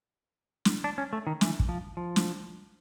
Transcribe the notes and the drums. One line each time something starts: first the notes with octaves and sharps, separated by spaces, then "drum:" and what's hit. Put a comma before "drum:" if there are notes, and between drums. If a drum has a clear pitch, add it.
drum: snare
D4
C#4
A3
D#3
E3, drum: snare
drum: kick
F3
F3
drum: snare